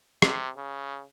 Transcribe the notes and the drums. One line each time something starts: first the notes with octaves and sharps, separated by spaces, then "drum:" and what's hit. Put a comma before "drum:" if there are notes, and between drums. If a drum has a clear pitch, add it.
C3, drum: rim click
C#3